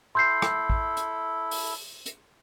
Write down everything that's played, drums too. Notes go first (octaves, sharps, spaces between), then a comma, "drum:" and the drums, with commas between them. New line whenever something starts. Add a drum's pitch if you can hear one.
E4 A4 C6 G6 C7
drum: rim click
drum: kick A1
drum: hi-hat
drum: open hi-hat
drum: hi-hat